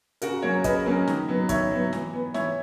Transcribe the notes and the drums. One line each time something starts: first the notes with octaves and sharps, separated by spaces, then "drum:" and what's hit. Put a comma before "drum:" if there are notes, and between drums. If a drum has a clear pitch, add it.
C#3 F#4 A#4, drum: hi-hat
F#3 A#3 C#4 A#4 C#5
C#3 B4 D#5, drum: kick, hi-hat
F#3 A#3 C#4
D#3, drum: snare
F#3 B3
D#3 C#5 E5, drum: kick, hi-hat
F#3 B3
E3, drum: snare
B3
E3 C#5 E5, drum: snare